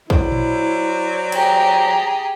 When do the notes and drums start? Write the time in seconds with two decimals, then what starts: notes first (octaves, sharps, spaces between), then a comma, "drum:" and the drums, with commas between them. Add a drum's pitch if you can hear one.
0.10 F#3 E4 C5 D5, drum: kick
0.32 drum: tom A#2
1.32 G4 G#4 A#5, drum: cymbal